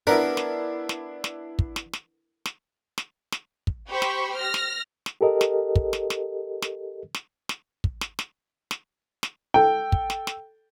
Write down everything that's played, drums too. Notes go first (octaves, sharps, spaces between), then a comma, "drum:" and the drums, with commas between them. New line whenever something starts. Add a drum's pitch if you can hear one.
B3 D4 E4 A#4 B4
drum: snare
drum: snare
drum: snare
drum: kick
drum: snare
drum: snare
drum: snare
drum: snare
drum: snare
drum: kick
G4 C5 B5 C#6
drum: snare
F6 A#6
drum: snare
drum: snare
G4 A4 A#4 D#5
drum: snare
drum: kick
drum: snare
drum: snare
drum: snare
drum: snare
drum: snare
drum: kick
drum: snare
drum: snare
drum: snare
drum: snare
A4 G5
drum: kick
drum: snare
drum: snare